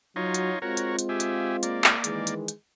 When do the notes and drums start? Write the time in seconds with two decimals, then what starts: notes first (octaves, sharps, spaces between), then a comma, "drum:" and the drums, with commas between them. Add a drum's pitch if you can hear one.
0.16 F#3 D#4 F4 C#5
0.34 drum: hi-hat
0.62 G#3 C4 F4 F#4 A#4 C#5
0.77 drum: hi-hat
0.99 drum: hi-hat
1.09 G4 G#4 E5
1.20 drum: hi-hat
1.63 A#3 D5, drum: hi-hat
1.84 drum: clap
2.04 D#3 E3 G#3, drum: hi-hat
2.27 drum: hi-hat
2.48 drum: hi-hat